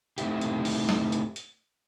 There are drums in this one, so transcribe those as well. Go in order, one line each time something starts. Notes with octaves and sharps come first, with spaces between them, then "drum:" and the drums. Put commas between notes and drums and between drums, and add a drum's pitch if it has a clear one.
A3 C4 D#4 E4 G4, drum: hi-hat
drum: hi-hat
drum: open hi-hat
drum: snare
drum: hi-hat
drum: hi-hat